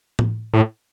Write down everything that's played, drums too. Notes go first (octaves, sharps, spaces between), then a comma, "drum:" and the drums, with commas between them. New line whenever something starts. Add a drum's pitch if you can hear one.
drum: tom A2
A2